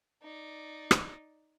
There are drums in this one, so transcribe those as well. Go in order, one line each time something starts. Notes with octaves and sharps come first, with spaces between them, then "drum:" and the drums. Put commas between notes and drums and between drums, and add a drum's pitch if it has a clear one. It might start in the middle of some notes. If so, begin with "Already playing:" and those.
D#4 D5
drum: rim click